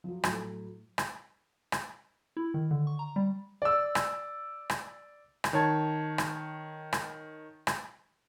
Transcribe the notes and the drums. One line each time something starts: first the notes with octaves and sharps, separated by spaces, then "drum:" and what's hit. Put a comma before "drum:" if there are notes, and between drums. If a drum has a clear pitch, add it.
F3 F#3
A2 F#3, drum: rim click
drum: rim click
drum: rim click
E4
D#3
D3
C#6
A#5
G3
D5 E6
drum: rim click
drum: rim click
drum: rim click
D#3 C#5 A5 G#6
drum: rim click
drum: rim click
drum: rim click